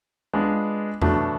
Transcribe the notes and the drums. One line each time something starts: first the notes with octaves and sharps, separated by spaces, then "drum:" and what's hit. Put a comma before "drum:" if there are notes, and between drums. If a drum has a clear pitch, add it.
G#3 B3 D4 F4
B2 F#3 A3 D4, drum: tom E2